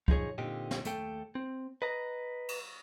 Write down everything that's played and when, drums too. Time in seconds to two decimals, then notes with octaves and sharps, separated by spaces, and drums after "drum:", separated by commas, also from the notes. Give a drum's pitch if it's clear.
0.08 F3 D#4 G#4 C#5, drum: kick
0.38 A#2 D3 C4 D#4 G4
0.71 drum: snare
0.85 D#2 A3 A4 G5, drum: hi-hat
1.35 C4
1.82 B4 D#5 A#5
2.49 drum: cymbal